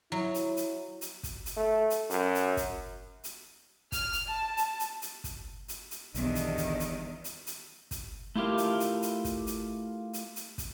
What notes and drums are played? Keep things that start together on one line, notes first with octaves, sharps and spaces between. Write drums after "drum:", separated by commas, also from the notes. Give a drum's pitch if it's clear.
F#3 E4
drum: hi-hat
drum: hi-hat
drum: hi-hat
drum: kick, hi-hat
drum: hi-hat
A3
drum: hi-hat
F#2, drum: hi-hat
drum: hi-hat
drum: kick, hi-hat
drum: hi-hat
F6, drum: kick, hi-hat
drum: hi-hat
A5
drum: hi-hat
drum: hi-hat
drum: hi-hat
drum: kick, hi-hat
drum: hi-hat
drum: hi-hat
B1 E2 D3 D#3 G3 B3 D4, drum: hi-hat
drum: hi-hat
drum: kick, hi-hat
drum: hi-hat
drum: hi-hat
drum: hi-hat
drum: kick, hi-hat
A3 E4 F4 G4 A#4
drum: hi-hat
drum: hi-hat
drum: hi-hat
drum: kick, hi-hat
drum: hi-hat
drum: hi-hat
drum: hi-hat
drum: kick, hi-hat